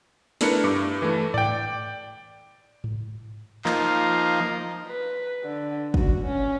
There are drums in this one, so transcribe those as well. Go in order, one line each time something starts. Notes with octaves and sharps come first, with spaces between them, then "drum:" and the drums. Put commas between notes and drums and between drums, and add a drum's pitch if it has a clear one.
A3 D4 E4 A#4 B4 C#7, drum: snare
G2 D6
E3 A3
D5 G5, drum: tom G#2
drum: tom G#2
F3 A#3 D#4, drum: clap
B4
D3
F#4, drum: kick
C#4